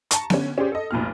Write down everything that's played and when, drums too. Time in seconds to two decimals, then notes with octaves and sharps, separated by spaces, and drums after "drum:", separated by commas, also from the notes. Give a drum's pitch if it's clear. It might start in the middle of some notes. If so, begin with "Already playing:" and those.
0.11 A5 A#5 C#6, drum: hi-hat
0.30 D3 C#4, drum: snare B3
0.58 C#4 G4 G#4 C5 D5
0.72 A4 D#5
0.91 F1 B1 A#2 F6